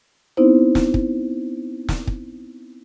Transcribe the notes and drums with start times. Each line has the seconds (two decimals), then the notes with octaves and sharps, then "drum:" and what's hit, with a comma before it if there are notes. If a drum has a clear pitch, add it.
0.37 B3 C4 D#4 E4 C5
0.75 drum: snare
0.94 drum: kick
1.89 drum: snare
2.07 drum: kick